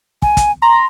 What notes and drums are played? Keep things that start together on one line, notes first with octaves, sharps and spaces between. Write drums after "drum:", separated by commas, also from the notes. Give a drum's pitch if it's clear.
G#5, drum: kick
drum: kick, hi-hat
A#5 C6